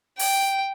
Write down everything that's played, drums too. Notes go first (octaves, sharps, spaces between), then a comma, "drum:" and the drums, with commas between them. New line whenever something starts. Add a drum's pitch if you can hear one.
G5, drum: open hi-hat